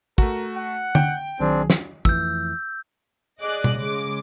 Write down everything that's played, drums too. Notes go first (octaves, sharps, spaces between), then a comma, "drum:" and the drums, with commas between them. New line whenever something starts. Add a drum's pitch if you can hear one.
A3 F#4 A#4, drum: kick
F#5
G5, drum: tom
B1 D#3 F#3 C4 D4 G#4
drum: snare
F2 E3 A3 E6 G6, drum: kick
G#4 D5 D#5 D6 F#6
drum: tom B2
C#3 G#3 D6